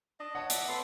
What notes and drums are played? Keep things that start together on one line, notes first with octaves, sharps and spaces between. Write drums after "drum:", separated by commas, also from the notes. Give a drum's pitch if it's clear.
D4 D#5
C#5 F#5 A5
D5 E5, drum: hi-hat
A4 B4 C6